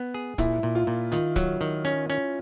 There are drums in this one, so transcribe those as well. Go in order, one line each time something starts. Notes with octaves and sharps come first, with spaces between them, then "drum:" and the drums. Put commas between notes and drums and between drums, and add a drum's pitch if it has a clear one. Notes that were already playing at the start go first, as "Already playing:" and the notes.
Already playing: B3
G#4
A#2 E4, drum: kick, hi-hat
A#2
F4
A#2
D#3 F4, drum: hi-hat
F#3, drum: kick, hi-hat
D#3
C#4, drum: hi-hat
C#4, drum: hi-hat